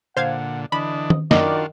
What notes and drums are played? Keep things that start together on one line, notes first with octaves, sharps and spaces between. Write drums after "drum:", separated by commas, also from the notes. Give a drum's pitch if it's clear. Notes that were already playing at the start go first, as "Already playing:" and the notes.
A#2 D3 C5 F5 F#5 G#6
D3 E3 D4 D#5 B5
drum: tom D#3
F#2 D#3 D4 F4 F#4 D5 D#5, drum: snare